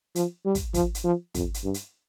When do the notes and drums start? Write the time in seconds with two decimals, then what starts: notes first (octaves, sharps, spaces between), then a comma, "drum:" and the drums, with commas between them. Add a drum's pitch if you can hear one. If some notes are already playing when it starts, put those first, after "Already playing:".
0.15 F3, drum: hi-hat
0.45 G3
0.55 drum: kick, hi-hat
0.74 F3, drum: kick, hi-hat
0.95 drum: hi-hat
1.04 F3
1.34 F2, drum: kick, hi-hat
1.54 drum: hi-hat
1.64 G2
1.74 drum: hi-hat